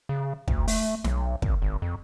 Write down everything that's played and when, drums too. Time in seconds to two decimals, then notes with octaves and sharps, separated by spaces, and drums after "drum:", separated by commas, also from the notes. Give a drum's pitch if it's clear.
0.09 C#3
0.48 D2, drum: kick
0.68 A3, drum: open hi-hat
1.04 B1, drum: snare
1.42 G#1, drum: kick
1.62 G#1
1.82 F2